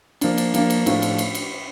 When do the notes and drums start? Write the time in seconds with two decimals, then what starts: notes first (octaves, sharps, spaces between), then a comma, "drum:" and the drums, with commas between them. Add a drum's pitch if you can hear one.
0.21 F3 A#3 D4, drum: cymbal
0.38 drum: cymbal
0.54 F3 A#3 D4, drum: cymbal
0.70 drum: cymbal
0.86 A2 F3 A3 D4 F4, drum: cymbal
1.02 drum: cymbal
1.18 drum: cymbal
1.35 drum: cymbal